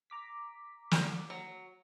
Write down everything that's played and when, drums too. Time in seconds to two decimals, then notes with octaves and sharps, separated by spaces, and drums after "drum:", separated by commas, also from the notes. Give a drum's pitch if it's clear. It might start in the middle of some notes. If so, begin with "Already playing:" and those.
0.10 A#5 D6 B6
0.91 drum: snare
1.30 F#3